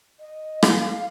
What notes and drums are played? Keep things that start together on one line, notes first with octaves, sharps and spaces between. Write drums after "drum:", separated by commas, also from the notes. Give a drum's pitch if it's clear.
D#5
F5, drum: rim click